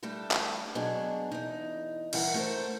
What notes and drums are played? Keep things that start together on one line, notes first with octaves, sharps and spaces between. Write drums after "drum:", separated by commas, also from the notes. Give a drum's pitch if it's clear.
G3 A3 D4 A4
drum: clap
B2 F#3 D4 G#4
E2 D#4
G2 E3 A#4 F#5, drum: cymbal
A3 F#4 A4 A#4 C5